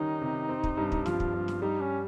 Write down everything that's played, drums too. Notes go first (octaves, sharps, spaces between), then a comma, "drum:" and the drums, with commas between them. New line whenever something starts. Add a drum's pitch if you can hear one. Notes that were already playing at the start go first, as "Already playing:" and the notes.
Already playing: D#3 G3 C#4 D#4
C3
C4
drum: kick
G2
drum: kick
F3 F4, drum: snare
drum: kick
G2
drum: snare
G3 D#4
C#4